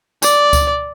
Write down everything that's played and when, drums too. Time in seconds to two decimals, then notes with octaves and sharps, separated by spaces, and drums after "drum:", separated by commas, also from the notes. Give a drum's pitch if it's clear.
0.23 D5, drum: tambourine
0.53 drum: kick C#2, tambourine